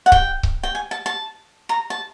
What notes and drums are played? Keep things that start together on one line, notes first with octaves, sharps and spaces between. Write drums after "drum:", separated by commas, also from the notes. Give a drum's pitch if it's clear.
F#5
G5, drum: kick C#1
drum: kick C#1
G5
G#5
A5
A5
A#5
A5